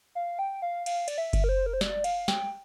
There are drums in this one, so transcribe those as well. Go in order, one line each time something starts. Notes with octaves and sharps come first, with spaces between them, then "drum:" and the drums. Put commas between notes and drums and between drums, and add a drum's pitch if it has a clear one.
F5
G5
F5
F5, drum: cymbal
D5, drum: cymbal
E5
drum: kick F#1, cymbal
A#4
C5
A#4
C5
D5, drum: snare
F5, drum: cymbal
G5, drum: snare